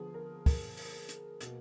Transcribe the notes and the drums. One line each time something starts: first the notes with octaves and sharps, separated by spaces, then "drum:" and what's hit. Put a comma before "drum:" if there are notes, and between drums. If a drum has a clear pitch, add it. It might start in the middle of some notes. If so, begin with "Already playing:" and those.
Already playing: D3 F3 B3 G#4
A#4
A#4, drum: kick, open hi-hat
drum: open hi-hat
drum: hi-hat
B2 A#3, drum: hi-hat